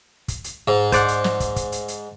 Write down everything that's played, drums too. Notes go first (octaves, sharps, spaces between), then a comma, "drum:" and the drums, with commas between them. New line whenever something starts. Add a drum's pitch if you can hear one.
drum: kick, hi-hat
drum: hi-hat
G#2
C5 D5 F#5, drum: kick, hi-hat
drum: hi-hat
drum: snare
drum: kick, hi-hat
drum: kick, hi-hat
drum: hi-hat
drum: hi-hat